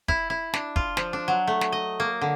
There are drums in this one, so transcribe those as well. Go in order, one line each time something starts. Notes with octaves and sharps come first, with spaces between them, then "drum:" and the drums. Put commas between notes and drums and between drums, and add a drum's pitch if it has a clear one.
E4, drum: kick
E4
D4, drum: snare
F4, drum: kick
F3, drum: snare
D4
F#3
A3
drum: snare
D#5
A#3
D3